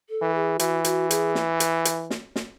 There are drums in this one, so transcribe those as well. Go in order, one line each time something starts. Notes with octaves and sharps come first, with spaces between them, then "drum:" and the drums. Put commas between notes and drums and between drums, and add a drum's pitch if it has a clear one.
A4
E3
G#4
E3 F#4, drum: hi-hat
F#4, drum: hi-hat
G#4, drum: hi-hat
drum: snare
drum: hi-hat
drum: hi-hat
drum: snare
drum: snare